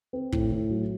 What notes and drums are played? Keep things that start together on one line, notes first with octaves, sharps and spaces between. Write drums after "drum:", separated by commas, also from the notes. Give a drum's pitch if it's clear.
C4
A2, drum: kick
A2
F#3